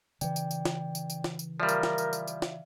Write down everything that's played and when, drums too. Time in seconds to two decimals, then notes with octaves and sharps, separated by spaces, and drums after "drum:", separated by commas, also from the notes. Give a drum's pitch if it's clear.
0.21 C#3 E3 D5 G5, drum: tambourine
0.36 drum: tambourine
0.51 drum: tambourine
0.65 drum: snare
0.95 drum: tambourine
1.10 drum: tambourine
1.24 drum: snare
1.39 drum: tambourine
1.60 F3 G3 A#4 D5 E5 F5
1.69 drum: tambourine
1.83 drum: snare
1.98 drum: tambourine
2.13 drum: tambourine
2.28 drum: tambourine
2.42 drum: snare